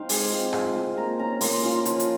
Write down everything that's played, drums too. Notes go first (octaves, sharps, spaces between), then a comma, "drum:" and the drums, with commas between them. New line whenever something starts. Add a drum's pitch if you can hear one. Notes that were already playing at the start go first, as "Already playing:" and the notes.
Already playing: C4 D#4 F5 C6
G#3 G#5, drum: open hi-hat
C4 F4
G#3, drum: rim click
C4 F4
A#3 A#5
C#4 F4 A#5
A#3 C6, drum: open hi-hat
C#4 F4
F3, drum: hi-hat
drum: hi-hat